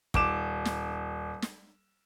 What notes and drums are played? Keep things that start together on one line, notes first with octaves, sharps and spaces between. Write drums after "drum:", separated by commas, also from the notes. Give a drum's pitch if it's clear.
D#1 D6 E7, drum: kick
drum: snare
drum: snare